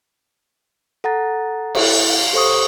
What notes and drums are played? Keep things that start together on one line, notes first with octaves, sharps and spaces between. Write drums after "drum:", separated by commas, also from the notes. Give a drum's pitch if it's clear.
A4 F#5 A#5 A6
E4 A4 E5, drum: cymbal
F5
G4 A4 C5 C#6 D#6